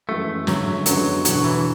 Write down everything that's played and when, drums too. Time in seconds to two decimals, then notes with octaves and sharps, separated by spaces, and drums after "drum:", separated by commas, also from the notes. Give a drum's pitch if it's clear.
0.09 F#2 E3 G#3 A3 C#4 F#4
0.47 D2 C#3 F#3 G#3 C#4, drum: snare
0.86 F#2 D3 F#3 G#3 B3 F#4, drum: hi-hat
1.25 E1 E2 D3 F#3, drum: hi-hat
1.44 E3